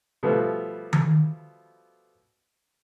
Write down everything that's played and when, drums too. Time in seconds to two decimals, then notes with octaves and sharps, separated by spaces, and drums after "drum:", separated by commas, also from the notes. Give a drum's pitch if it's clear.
0.23 B2 F3 G3 A3 B3
0.93 drum: tom D#3